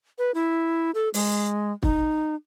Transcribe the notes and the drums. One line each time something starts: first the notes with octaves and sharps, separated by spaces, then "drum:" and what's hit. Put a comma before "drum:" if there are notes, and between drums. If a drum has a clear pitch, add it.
B4
E4
A4
G#3, drum: open hi-hat
D#4, drum: kick